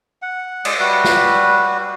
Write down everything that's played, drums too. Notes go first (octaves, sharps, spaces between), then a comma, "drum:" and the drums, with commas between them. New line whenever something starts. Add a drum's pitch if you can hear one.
F#5
G#3 D5 D#6, drum: cymbal
G3 F#4 B4
drum: snare